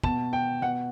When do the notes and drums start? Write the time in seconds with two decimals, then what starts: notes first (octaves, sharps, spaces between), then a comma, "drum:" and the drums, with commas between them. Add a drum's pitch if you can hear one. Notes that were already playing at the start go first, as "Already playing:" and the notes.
0.04 B2 A5, drum: kick
0.33 G5
0.62 B2 F#5